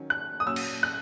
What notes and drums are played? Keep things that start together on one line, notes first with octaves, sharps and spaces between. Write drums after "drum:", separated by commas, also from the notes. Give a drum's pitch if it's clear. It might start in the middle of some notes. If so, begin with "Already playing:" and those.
Already playing: D#3 F#3 C#4
F#6
D#6
A#2 F#3 C#4 E6
drum: cymbal
F#6